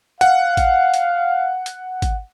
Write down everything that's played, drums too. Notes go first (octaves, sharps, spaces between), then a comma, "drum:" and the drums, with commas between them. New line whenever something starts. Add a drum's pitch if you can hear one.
F5 F#5, drum: hi-hat
drum: kick G#1, hi-hat
drum: hi-hat
drum: hi-hat
drum: kick G#1, hi-hat